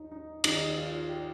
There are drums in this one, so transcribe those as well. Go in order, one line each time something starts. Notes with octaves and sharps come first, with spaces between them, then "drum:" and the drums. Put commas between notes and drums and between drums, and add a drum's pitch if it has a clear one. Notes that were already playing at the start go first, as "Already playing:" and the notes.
Already playing: D#2 D#4
D#4
D#2 D#3 D#4, drum: cymbal
F4
G4